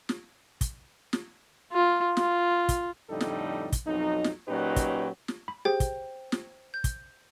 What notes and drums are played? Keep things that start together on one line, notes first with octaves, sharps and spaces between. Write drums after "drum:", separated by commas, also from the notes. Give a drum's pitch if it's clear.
drum: snare
drum: kick, hi-hat
drum: snare
F4
F4, drum: snare
drum: kick, hi-hat
F2 A2 D3 G3 D#4 A4
drum: snare
drum: kick, hi-hat
B1 F2 F#3 D#4
drum: snare
A#2 F#3 C#4 D#4 G4 B4
drum: kick, hi-hat
drum: snare
B5
G4 G#4 C5 G5
drum: kick, hi-hat
drum: snare
G6
drum: kick, hi-hat